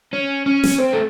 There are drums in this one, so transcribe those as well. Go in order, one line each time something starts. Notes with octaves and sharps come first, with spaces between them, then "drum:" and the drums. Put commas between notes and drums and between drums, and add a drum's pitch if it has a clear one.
C#4
C#4
drum: snare
C4
A3